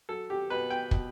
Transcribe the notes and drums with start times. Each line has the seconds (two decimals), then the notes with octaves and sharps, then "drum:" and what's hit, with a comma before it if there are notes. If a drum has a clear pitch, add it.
0.09 F#3 A4
0.30 G4
0.50 B2 B4
0.70 G5
0.91 B2, drum: kick